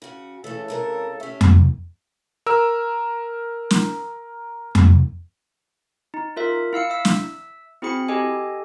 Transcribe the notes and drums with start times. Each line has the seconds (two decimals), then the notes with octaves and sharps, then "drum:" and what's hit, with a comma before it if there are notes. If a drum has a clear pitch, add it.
0.02 C#3 F#4
0.44 C#3 E3 A3 A4
0.68 C3 G#3 A#4
1.20 A3 C#4 G4 E5
1.41 drum: tom F2
2.46 A#4 E6
3.71 drum: snare
4.75 drum: tom F2
6.14 D#4
6.36 F4 A#4 E5
6.73 E4 F5 E6 C#7
6.90 E5 E6
7.05 drum: snare
7.82 C4 E4 F#4 G#4 B5 C#7
8.08 G4 A4 D#5 G#5